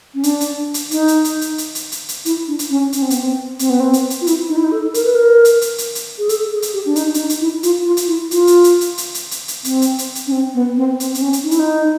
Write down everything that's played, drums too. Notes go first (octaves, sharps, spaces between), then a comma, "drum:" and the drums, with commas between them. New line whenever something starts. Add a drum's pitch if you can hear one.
C#4
D4, drum: hi-hat
drum: hi-hat
drum: hi-hat
D#4, drum: hi-hat
drum: hi-hat
drum: hi-hat
drum: hi-hat
drum: hi-hat
drum: hi-hat
drum: hi-hat
drum: hi-hat
E4, drum: hi-hat
D4
drum: hi-hat
C#4
C#4, drum: hi-hat
C4
B3, drum: hi-hat
C4
C4, drum: hi-hat
B3
C4
drum: hi-hat
drum: hi-hat
F4
E4, drum: hi-hat
D#4
E4
D#4
A4
A#4, drum: hi-hat
B4
A#4
drum: hi-hat
drum: hi-hat
drum: hi-hat
drum: hi-hat
G#4
A4, drum: hi-hat
G#4
drum: hi-hat
G4
D4
D#4, drum: hi-hat
D4, drum: hi-hat
D#4
drum: hi-hat
E4
F4, drum: hi-hat
F4
drum: hi-hat
E4
F4, drum: hi-hat
drum: hi-hat
drum: hi-hat
drum: hi-hat
drum: hi-hat
drum: hi-hat
drum: hi-hat
drum: hi-hat
C4, drum: hi-hat
drum: hi-hat
drum: hi-hat
drum: hi-hat
C#4
C4
B3
C4
C4, drum: hi-hat
C4, drum: hi-hat
C#4
drum: hi-hat
D#4
E4, drum: hi-hat
D#4